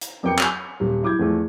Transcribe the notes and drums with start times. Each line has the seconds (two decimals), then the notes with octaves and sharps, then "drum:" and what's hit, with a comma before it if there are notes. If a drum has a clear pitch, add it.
0.01 drum: hi-hat
0.23 F2 B3 A#4 G5 D6 C#7
0.38 G#5 G6 F7, drum: clap
0.80 D#1
1.03 E4 D6 G6 G#6
1.19 E2 F3 A3